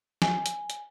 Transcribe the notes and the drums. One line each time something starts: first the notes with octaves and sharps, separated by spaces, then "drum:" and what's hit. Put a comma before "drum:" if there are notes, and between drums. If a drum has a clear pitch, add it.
G#5, drum: snare
drum: hi-hat
drum: hi-hat